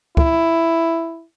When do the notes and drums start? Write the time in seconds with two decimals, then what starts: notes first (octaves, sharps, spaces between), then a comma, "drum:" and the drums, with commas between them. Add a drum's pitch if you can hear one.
0.17 E4, drum: kick C#2